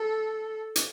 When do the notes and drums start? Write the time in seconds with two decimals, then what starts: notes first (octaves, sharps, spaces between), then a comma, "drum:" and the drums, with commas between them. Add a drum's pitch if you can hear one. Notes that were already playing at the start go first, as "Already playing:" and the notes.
Already playing: A4
0.76 drum: hi-hat